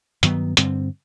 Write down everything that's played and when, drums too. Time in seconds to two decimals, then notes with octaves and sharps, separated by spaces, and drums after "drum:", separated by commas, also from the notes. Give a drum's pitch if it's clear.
0.23 G2 D#3 F#3 B3, drum: hi-hat
0.57 G2 D3 G3 C4, drum: hi-hat